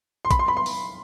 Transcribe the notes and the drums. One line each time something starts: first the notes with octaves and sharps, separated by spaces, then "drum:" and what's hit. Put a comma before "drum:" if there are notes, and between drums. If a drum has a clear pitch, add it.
C6
B5, drum: kick, hi-hat
C6
B5
C6
drum: open hi-hat